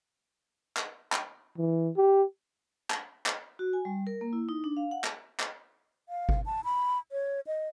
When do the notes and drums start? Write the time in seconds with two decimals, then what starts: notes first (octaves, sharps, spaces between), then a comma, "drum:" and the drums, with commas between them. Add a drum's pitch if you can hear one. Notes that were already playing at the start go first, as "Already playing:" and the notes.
0.77 drum: clap
1.12 drum: clap
1.58 E3
1.97 G4
2.90 drum: clap
3.26 drum: clap
3.59 F#4
3.73 G#5
3.85 G3
4.07 A#4
4.21 A#3
4.33 E4
4.49 D#4
4.64 D4
4.77 F5
4.91 F#5
5.04 drum: clap
5.40 drum: clap
6.09 F5
6.29 drum: kick G1
6.46 A5
6.64 B5
7.12 C#5
7.47 D#5